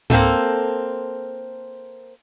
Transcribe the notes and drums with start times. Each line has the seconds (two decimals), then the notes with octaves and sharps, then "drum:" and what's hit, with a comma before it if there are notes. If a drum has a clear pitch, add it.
0.10 A#3 C4 D#4 F4 A4, drum: tom G#2